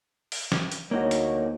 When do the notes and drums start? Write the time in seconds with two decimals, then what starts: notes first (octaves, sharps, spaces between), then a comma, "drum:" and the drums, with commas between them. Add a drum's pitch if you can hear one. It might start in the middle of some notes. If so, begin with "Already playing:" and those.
0.32 drum: open hi-hat
0.52 drum: snare
0.72 drum: hi-hat
0.91 D2 A#3 D#4 F#4 C#5
1.11 drum: hi-hat